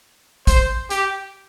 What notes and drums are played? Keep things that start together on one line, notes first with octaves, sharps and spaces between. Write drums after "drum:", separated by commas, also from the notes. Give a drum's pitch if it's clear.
C5, drum: kick, hi-hat
G4, drum: hi-hat